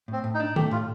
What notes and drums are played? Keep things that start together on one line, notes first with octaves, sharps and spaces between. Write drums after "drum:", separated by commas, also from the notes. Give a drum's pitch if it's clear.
A2 C4
A2
D#4
D4
A3 G4, drum: tom
A2 F4